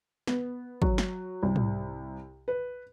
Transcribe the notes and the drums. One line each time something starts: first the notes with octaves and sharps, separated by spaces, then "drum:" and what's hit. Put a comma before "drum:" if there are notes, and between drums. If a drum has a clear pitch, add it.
B3, drum: snare
F#3, drum: kick
drum: snare
C2
drum: tom
B4